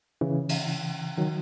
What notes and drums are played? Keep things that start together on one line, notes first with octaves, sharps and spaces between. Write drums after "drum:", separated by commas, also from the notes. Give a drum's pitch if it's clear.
C#3 E3
drum: cymbal
D#3 F#3